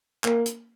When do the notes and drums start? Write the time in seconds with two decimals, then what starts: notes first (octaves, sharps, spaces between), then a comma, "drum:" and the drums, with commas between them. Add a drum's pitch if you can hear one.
0.24 A#3, drum: clap
0.46 drum: hi-hat